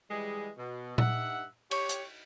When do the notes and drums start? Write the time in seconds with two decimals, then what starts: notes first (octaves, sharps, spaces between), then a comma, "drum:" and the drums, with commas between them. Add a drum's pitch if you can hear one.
0.11 E3 G3 G#3
0.57 B2
0.98 G2 D#4 E5 F#5, drum: tom A#2
1.71 G4 C#5, drum: cymbal
1.89 drum: hi-hat